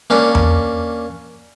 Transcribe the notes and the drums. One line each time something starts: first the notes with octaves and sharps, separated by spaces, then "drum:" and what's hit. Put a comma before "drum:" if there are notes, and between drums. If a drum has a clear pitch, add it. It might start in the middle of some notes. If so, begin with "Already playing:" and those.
A#3 C#4 D4
drum: tom E2